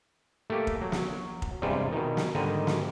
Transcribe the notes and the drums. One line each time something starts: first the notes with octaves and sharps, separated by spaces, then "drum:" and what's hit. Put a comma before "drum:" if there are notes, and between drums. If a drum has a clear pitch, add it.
A3 A#3 G4
drum: kick F1
F#3
drum: snare
drum: kick F1
E2 G2 C3 G3 G#3 F4
B2 D#3
drum: snare
G#2 D3 D#3 G3 D#5
drum: snare